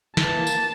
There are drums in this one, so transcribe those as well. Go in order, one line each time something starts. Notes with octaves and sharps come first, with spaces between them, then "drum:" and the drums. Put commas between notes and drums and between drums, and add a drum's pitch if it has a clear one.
E3 A5, drum: snare
A#3
drum: tambourine